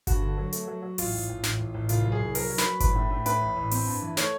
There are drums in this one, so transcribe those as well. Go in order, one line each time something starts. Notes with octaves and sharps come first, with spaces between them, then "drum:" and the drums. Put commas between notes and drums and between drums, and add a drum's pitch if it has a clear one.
G2 F#4, drum: kick G1, hi-hat
D3
F#3
A3, drum: hi-hat
F#3
F#3
A1 F4, drum: open hi-hat
A1
A1
A1, drum: snare
A1
A1
C2 F4, drum: hi-hat
F#3
G#4
C2
F#3 A#4, drum: open hi-hat
F#3
B4, drum: snare
F#3
A1 B4, drum: kick G1, hi-hat
A2
A2
A2 B4, drum: hi-hat
A1
A1
C4, drum: open hi-hat
G2
E3
A3 C#5, drum: snare